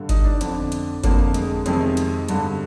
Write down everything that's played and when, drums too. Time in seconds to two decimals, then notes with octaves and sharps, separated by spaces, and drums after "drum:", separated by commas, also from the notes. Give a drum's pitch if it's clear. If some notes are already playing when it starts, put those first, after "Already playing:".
Already playing: G2 D3
0.09 D#4, drum: kick G1, hi-hat
0.25 D4
0.41 F2 D3, drum: hi-hat
0.72 drum: hi-hat
1.04 F2 D3 A#3, drum: kick G1, hi-hat
1.34 G#3, drum: hi-hat
1.66 F2 C3 D#3 G#3, drum: hi-hat
1.97 drum: hi-hat
2.28 G2 D3, drum: hi-hat